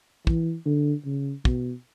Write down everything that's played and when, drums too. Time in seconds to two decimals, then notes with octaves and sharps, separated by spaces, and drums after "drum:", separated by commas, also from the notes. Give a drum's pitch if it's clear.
0.27 E3, drum: kick
0.66 D3
1.06 C#3
1.45 B2, drum: kick